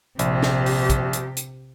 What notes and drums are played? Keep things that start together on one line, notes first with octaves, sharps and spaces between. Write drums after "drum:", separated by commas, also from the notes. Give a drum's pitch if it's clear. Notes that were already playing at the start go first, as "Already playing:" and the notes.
A#1 C3 G4, drum: hi-hat
drum: snare
drum: open hi-hat
drum: kick, hi-hat
drum: hi-hat
drum: hi-hat